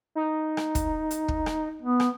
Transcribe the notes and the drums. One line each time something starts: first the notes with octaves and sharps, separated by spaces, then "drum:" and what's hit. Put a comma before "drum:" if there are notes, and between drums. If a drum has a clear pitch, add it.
D#4
drum: rim click
drum: kick, hi-hat
drum: hi-hat
drum: kick
drum: rim click
B3
drum: rim click